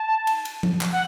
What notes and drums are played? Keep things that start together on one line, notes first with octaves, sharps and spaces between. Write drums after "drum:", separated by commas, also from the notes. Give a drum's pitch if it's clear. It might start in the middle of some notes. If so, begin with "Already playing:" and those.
Already playing: A5
drum: cymbal
drum: cymbal
drum: tom F3
drum: clap
F#5